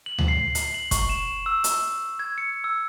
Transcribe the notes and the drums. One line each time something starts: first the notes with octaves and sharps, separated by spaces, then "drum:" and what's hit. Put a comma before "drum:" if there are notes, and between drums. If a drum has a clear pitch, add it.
F#7
drum: tom D2
C7
drum: hi-hat
F#7
C#6, drum: kick, hi-hat
E7
E6
drum: hi-hat
G#6
C#7
E6